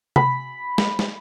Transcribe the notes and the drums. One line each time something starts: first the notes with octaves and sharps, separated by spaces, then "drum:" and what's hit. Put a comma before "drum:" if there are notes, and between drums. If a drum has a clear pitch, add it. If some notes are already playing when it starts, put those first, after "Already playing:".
B5, drum: tom C3
drum: snare
drum: snare